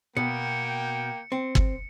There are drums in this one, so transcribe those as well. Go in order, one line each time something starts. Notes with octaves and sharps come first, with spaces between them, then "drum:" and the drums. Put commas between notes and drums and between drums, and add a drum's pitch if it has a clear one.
B2 A#3 G5 C#7
C4
drum: kick